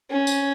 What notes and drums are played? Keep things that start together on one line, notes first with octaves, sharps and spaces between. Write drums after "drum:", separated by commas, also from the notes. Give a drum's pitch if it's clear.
C#4
drum: tambourine